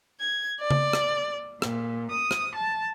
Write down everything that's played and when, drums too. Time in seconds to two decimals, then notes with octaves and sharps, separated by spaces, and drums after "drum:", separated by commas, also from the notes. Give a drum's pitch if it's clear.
0.21 G#6
0.61 D5
0.71 drum: tom C#3
0.93 drum: rim click
1.62 A#2, drum: rim click
2.11 D#6
2.31 drum: rim click
2.55 A5